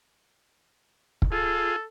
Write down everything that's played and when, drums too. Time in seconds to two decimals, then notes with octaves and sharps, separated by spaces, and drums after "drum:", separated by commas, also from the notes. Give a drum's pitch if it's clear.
1.22 drum: kick
1.32 F4 G#4 A4